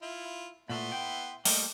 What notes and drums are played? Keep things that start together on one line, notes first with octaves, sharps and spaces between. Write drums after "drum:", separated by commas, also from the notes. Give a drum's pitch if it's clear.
E4 F4
A#2 A3 B3 E4 C6
G5
G3 A3 A#3 D#5 G5, drum: open hi-hat